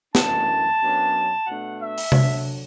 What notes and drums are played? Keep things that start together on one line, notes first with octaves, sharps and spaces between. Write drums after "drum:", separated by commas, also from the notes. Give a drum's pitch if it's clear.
F#2 E3 A3 D4 A5, drum: snare
F#2 F#3 B3 D4
B2 A3 D4 F#5
E5
drum: open hi-hat
D3 F#3 D4, drum: tom C3